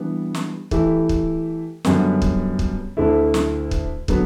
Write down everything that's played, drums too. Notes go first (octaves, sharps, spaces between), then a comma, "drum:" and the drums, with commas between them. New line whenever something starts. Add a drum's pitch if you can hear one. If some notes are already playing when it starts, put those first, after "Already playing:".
Already playing: E3 G3 B3 D4
drum: snare
E3 A3 E4 G4, drum: kick
drum: kick
F#2 D3 G3 B3, drum: snare
drum: kick
drum: kick
D2 D3 A3 E4
drum: snare
drum: kick
D3 F#3 B3, drum: kick